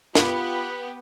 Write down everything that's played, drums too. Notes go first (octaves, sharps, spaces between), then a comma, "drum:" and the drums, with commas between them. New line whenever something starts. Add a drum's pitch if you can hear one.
B3 F4 G4 B4, drum: snare